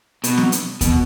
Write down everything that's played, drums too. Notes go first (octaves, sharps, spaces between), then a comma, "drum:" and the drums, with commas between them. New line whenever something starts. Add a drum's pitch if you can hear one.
B2, drum: hi-hat
drum: snare C4
drum: hi-hat
B2, drum: kick D#2, hi-hat